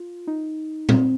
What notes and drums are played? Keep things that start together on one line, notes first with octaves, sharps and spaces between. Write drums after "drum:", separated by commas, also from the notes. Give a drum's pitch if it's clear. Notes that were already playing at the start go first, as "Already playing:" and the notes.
Already playing: F4
D#4
C4, drum: tom A#2